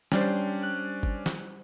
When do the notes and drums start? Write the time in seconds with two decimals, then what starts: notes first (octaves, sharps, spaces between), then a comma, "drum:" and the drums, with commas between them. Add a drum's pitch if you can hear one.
0.12 G3 C#4 D4 G4 C5 D5, drum: snare
0.63 F#6
1.03 drum: kick G#1
1.26 drum: snare